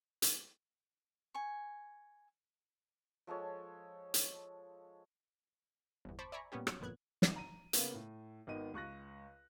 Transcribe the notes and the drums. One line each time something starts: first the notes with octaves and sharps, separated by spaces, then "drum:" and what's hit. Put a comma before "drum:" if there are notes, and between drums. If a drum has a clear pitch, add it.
drum: hi-hat
G#5 C#6
F3 G#3 A4 C#5
drum: hi-hat
G1 E2
C5 A5 B5 C#6 D6
D5 E5 G#5 A#5 B5 C#6
A#2 G3 B3 C#4 G4
F#3 C#5, drum: rim click
G1 F2 A#2 B3 F#6 G#6
drum: snare
A#5 D#7
C#3 A#3 B3, drum: hi-hat
A2
G#1 D#3 B3 D#5 D#7
C#2 C#6 F#6 A#6